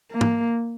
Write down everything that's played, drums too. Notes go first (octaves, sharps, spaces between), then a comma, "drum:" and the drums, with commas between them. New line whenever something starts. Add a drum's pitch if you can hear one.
A#3
drum: tom